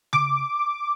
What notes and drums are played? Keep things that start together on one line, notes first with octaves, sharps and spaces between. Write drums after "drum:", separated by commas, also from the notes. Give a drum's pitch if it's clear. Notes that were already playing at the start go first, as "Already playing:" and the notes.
D6, drum: tom C#3